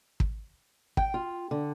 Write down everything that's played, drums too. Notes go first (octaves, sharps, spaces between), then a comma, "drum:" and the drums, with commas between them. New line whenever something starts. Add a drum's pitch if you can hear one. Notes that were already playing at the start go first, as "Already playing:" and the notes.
drum: kick
G5, drum: kick
F4
D3